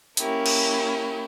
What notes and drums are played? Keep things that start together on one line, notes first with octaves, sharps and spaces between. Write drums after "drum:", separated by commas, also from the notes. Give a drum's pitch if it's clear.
A#3 C#4 E4 G4 A#4, drum: hi-hat
drum: cymbal